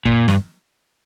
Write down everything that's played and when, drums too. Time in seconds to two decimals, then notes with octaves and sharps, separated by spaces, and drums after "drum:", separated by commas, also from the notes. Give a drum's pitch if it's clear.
0.06 A#2, drum: kick F2
0.28 G2, drum: snare